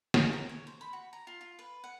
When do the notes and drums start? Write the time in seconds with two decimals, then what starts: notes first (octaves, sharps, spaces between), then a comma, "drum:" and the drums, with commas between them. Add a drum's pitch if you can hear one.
0.14 G#4, drum: snare
0.33 A#4
0.49 C#5
0.67 C5
0.81 B5
0.93 F#4
1.13 A#5
1.27 F4
1.41 F4
1.59 B4
1.84 F#5